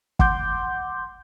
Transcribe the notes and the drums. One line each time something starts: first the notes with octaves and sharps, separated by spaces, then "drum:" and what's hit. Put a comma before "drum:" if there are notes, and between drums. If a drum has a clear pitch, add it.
F#5 C6 D6 G6, drum: kick